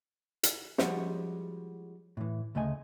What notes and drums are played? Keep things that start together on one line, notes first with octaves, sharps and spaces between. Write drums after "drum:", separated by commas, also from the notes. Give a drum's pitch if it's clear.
drum: hi-hat
F3 G3 G#3 C#4 F#4, drum: snare
A2 E3
D2 C#3 A3 D#5 G#5